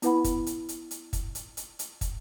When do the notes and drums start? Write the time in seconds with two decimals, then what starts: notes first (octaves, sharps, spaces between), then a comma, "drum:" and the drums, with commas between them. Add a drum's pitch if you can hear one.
0.02 B3 E4 B4 F#5 B5, drum: hi-hat
0.24 drum: kick, hi-hat
0.46 drum: hi-hat
0.69 drum: hi-hat
0.91 drum: hi-hat
1.13 drum: kick, hi-hat
1.35 drum: hi-hat
1.57 drum: hi-hat
1.79 drum: hi-hat
2.01 drum: kick, hi-hat